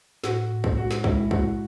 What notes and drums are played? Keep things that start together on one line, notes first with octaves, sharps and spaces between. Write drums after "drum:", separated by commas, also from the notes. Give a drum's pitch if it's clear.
A2 F#4, drum: snare
A2
drum: kick
G#3 F#4
drum: snare
G#3 E4, drum: kick
E4 F#4, drum: kick